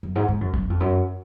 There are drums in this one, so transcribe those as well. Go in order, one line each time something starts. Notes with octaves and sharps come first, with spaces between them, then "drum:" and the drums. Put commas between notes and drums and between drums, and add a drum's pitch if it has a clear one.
F#2
G#2
G#2
F#2
F#2, drum: kick F#1
F2
F#2